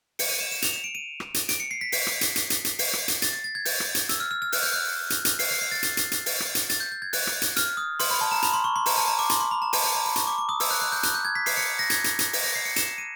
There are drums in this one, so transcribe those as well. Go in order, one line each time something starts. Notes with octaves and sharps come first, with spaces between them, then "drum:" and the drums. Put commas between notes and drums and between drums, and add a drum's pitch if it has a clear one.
C#7, drum: open hi-hat
D#7
E7
E7
F7, drum: hi-hat
E7
D7
D#7
drum: rim click
drum: hi-hat
D7, drum: hi-hat
C#7
C7
B6
C7, drum: open hi-hat
drum: rim click
drum: hi-hat
drum: hi-hat
drum: hi-hat
drum: hi-hat
C7, drum: open hi-hat
drum: rim click
drum: hi-hat
A6, drum: hi-hat
A6
A6
G#6
G6, drum: open hi-hat
drum: rim click
drum: hi-hat
E6, drum: hi-hat
F6
F6
F6
F#6, drum: open hi-hat
G6
F#6
drum: hi-hat
drum: hi-hat
C7, drum: open hi-hat
C7
C7
A6
drum: hi-hat
drum: hi-hat
drum: hi-hat
drum: open hi-hat
drum: rim click
drum: hi-hat
A6, drum: hi-hat
G6
G6
G#6
F#6, drum: open hi-hat
drum: rim click
drum: hi-hat
F6, drum: hi-hat
D#6
C6, drum: open hi-hat
B5
A5
A#5
B5, drum: hi-hat
C6
C#6
C6
A#5, drum: open hi-hat
A5
A#5
D6
C6, drum: hi-hat
C6
B5
A#5
A5, drum: open hi-hat
A5
A#5
B5
C#6, drum: hi-hat
D6
D6
D#6
E6, drum: open hi-hat
F#6
F#6
G6
F#6, drum: hi-hat
G6
G#6
B6
C7, drum: open hi-hat
C#7
A#6
G#6, drum: hi-hat
drum: hi-hat
drum: hi-hat
drum: open hi-hat
A#6
C7
C#7
E7, drum: hi-hat
D#7